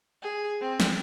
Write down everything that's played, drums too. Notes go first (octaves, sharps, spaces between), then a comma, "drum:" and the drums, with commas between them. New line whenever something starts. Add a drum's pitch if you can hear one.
G#4
C4
drum: snare